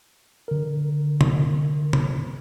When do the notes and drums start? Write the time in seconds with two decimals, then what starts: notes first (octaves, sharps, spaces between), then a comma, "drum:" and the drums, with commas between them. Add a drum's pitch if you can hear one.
0.48 D3 A#4
1.21 drum: tom C3
1.93 drum: tom C3